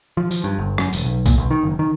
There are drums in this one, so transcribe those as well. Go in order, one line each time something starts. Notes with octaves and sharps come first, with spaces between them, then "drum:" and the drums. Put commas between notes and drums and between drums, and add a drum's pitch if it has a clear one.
F3
F3, drum: tambourine
G2
G1
F#2, drum: rim click
E1, drum: tambourine
B1
A#2, drum: kick B1, tambourine
B1
D#3
F#1
D#3